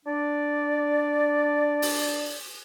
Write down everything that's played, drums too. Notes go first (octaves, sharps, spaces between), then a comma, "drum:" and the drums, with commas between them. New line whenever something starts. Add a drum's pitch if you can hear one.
D4 D5
drum: open hi-hat